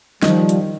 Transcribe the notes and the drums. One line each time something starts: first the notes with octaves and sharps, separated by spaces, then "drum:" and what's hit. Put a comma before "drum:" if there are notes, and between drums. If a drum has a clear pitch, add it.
D#3 F3 G3, drum: snare
drum: hi-hat